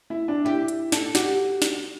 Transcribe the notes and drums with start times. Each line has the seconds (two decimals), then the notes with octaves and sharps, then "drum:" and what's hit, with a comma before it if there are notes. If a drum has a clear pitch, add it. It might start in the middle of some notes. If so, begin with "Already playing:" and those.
0.10 E4
0.28 D4
0.45 E4 G4
0.68 drum: hi-hat
0.92 A4, drum: snare
1.15 F#4 G4, drum: snare
1.62 drum: snare